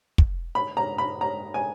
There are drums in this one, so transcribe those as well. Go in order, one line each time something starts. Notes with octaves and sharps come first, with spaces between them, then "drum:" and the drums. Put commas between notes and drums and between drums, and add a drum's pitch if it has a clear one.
drum: kick
B5
A#5
B5
A#5
G#5